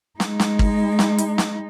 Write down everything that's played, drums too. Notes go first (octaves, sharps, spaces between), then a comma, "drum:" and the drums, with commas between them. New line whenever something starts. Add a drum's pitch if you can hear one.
G#3 D#4, drum: snare
drum: snare
drum: kick G#1
drum: snare
drum: hi-hat
drum: snare